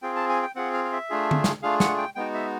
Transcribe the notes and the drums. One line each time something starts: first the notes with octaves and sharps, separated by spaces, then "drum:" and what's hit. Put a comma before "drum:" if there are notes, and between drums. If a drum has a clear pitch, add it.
C4 F4 G#4 G5
A5
G#5
G5
C4 F4 G#4 F#5
F5
F5
E5
A3 D4 F4 G#4
drum: tom D3
drum: snare
A3 D4 F4 G#4 F5
F#5, drum: snare
G5
G#3 B3 D#4 F#4 G5
E5